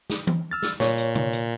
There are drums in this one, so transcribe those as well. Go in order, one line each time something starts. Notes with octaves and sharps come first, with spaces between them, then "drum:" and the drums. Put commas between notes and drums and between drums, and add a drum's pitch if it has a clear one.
drum: snare
drum: tom E3
E6 F6 A6
drum: snare
A#2 C#5, drum: snare
drum: hi-hat
drum: tom
drum: hi-hat